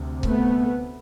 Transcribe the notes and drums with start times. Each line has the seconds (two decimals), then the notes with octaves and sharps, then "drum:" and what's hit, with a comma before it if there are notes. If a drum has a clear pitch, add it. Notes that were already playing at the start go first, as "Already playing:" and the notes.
Already playing: D2 C3
0.23 A3 B3, drum: kick C#1